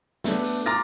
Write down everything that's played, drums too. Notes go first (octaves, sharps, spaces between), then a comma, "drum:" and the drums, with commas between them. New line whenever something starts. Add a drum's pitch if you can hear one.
A3 B3 D4, drum: snare
drum: open hi-hat
A#5 C6 D6 F6 A6 A#6, drum: hi-hat